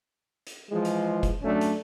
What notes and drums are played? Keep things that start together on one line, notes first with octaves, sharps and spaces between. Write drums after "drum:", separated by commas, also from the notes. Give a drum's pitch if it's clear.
drum: hi-hat
E3 F3 G#3
drum: hi-hat
drum: kick F1, hi-hat
F#3 A3 C#4 D4
drum: hi-hat